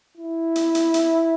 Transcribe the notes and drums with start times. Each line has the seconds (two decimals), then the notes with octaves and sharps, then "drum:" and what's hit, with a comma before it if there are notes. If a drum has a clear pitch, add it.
0.17 E4
0.56 drum: hi-hat
0.75 drum: hi-hat
0.94 drum: hi-hat